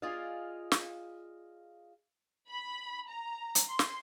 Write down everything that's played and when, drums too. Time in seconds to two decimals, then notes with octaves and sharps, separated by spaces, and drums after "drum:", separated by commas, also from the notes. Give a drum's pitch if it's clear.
0.02 F4 G#4 D5 D#5 F5
0.72 drum: snare
2.49 B5
3.08 A#5
3.55 drum: hi-hat
3.70 C6
3.79 drum: snare